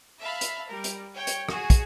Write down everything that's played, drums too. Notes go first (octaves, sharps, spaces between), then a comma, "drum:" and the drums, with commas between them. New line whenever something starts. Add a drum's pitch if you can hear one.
E5 F5 A5 B5
drum: hi-hat
G3 A#4
drum: hi-hat
C#5 G5
drum: hi-hat
F#4 G#4, drum: rim click
drum: kick, hi-hat